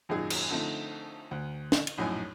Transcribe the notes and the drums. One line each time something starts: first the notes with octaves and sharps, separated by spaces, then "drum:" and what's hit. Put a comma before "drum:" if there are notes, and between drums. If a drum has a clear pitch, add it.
G#1 F#2 A#2 D#4 G#4
drum: cymbal
D3 F3 A3 C4 D#4
D2
drum: snare
drum: cymbal
A#1 F#2 A2 D#4 G#5